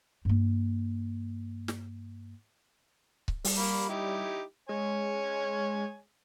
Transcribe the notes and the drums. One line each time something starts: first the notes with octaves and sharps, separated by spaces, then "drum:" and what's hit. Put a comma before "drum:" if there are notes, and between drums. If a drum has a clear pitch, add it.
G2 A#3
drum: snare
drum: kick C#1
G3, drum: open hi-hat
A#3 B5
D#4 E4 G4
G#3 C#5 G#5